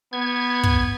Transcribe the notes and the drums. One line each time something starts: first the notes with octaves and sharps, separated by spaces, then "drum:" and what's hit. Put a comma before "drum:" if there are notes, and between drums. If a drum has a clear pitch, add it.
B3 G#6
drum: kick